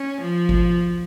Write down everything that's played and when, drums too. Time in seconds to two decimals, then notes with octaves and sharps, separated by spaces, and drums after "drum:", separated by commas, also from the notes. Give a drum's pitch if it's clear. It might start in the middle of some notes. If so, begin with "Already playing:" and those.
Already playing: C#4
0.21 F3
0.49 drum: kick G#1